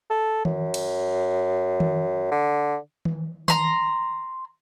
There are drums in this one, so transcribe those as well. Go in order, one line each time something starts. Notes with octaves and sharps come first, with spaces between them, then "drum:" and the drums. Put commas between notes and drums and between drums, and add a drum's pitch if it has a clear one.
A4
F#2, drum: tom D#3
drum: cymbal
drum: tom D#3
D3
drum: tom D#3
A#5 C6, drum: tom D#3